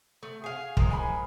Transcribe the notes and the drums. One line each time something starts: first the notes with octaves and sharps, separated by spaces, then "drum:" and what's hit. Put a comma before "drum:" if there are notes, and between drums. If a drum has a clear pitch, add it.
A3
G#4 F5
F3 G#3 A#4, drum: kick
G#5 B5